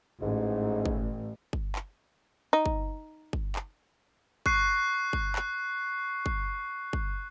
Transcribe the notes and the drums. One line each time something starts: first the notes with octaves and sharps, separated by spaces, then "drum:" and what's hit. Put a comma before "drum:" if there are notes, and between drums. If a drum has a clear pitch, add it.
A1 G#2
drum: kick G1
drum: kick G1
drum: clap
D#4
drum: kick G1
drum: kick G1
drum: clap
C#6 F#6 C7, drum: kick G1
drum: kick G1
drum: clap
drum: kick G1
drum: kick G1